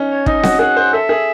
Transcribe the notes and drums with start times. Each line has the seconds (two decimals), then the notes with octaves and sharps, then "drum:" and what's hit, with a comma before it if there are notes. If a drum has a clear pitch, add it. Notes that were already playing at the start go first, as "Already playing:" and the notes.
Already playing: C#4 D#4
0.10 C#5
0.26 D#4 D#5, drum: kick
0.43 F#4, drum: snare C4
0.59 G#4 F#5
0.76 C5
0.93 A4 E5
1.09 G#4